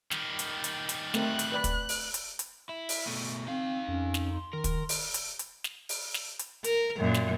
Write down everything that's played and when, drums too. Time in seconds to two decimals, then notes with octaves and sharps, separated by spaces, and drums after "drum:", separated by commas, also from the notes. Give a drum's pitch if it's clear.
0.11 D#3 G3, drum: snare
0.39 drum: hi-hat
0.64 drum: hi-hat
0.89 drum: hi-hat
1.14 A3 C4 A#4 F#6, drum: snare
1.39 drum: hi-hat
1.52 B4 D5 B5
1.64 drum: kick, hi-hat
1.89 drum: open hi-hat
2.14 drum: hi-hat
2.39 drum: hi-hat
2.69 E4
2.89 drum: open hi-hat
3.07 B2 A3
3.48 C4 D#4 F5
3.88 F2 C#4
4.14 drum: snare
4.32 C6
4.53 D#3 A#4
4.64 drum: kick, hi-hat
4.89 drum: open hi-hat
5.14 drum: hi-hat
5.39 drum: hi-hat
5.64 drum: snare
5.89 drum: open hi-hat
6.14 drum: snare
6.39 drum: hi-hat
6.64 A#4, drum: hi-hat
6.97 F#2 A#2
7.14 drum: snare